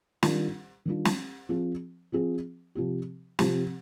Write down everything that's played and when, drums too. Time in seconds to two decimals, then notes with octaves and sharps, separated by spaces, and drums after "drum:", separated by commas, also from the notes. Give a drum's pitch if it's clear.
0.23 D#3 G3 D4 F4, drum: snare
0.85 D#3 G3 D4 F4
1.05 drum: snare
1.49 F3 C4 F4 G#4
2.12 F3 C4 F4 G#4
2.75 C3 F3 C4 G4
3.39 C3 F3 C4 G4, drum: snare